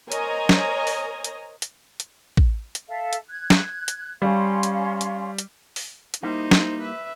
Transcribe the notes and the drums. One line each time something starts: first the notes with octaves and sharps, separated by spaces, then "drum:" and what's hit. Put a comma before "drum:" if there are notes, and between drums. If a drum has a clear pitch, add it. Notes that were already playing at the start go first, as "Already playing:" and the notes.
A#4 C5 C#5 D#5 G#5 A#5, drum: hi-hat
drum: snare
drum: open hi-hat
drum: hi-hat
drum: hi-hat
drum: hi-hat
drum: kick
drum: hi-hat
A4 E5 F5
drum: hi-hat
F#6 G#6
drum: snare
drum: hi-hat
G3 C#4 F5 C6
drum: hi-hat
drum: hi-hat
drum: hi-hat
drum: open hi-hat
drum: hi-hat
G3 A#3 D#4 E4 C5 D#5
drum: snare
B4 E5